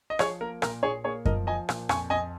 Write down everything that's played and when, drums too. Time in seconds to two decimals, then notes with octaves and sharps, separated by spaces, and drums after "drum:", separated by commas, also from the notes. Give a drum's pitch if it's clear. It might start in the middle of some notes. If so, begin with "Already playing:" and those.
0.10 D#5
0.19 F3 G#4 C#5, drum: rim click
0.41 A#3 A#4
0.62 A#2 A#4, drum: rim click
0.83 A#2 G#4 C#5
1.04 A#3 G#4 C#5
1.25 F3 A#4 D#5, drum: kick F#2
1.47 F3 D#5 G#5
1.69 A#2, drum: rim click
1.89 F2 G#5 C#6, drum: rim click
2.10 F2 D#5 G#5